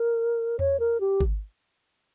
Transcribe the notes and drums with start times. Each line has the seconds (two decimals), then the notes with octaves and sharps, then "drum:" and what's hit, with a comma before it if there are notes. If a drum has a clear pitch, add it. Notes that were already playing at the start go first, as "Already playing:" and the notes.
Already playing: A#4
0.59 C#5, drum: tom E2
0.80 A#4
1.00 G4
1.21 drum: kick G#1